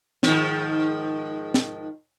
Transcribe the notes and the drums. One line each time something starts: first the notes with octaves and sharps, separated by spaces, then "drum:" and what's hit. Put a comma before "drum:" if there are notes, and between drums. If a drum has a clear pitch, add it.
G#2 D#3 F3, drum: snare
drum: snare